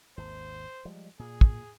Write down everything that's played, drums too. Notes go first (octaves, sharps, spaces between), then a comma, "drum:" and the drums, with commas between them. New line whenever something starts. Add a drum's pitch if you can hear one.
G#1 D#2 C5
F3 G3 G#3
A#2 G#4
drum: kick